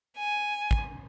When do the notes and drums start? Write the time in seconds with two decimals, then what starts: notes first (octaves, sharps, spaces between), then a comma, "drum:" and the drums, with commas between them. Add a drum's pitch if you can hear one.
0.16 G#5
0.71 drum: kick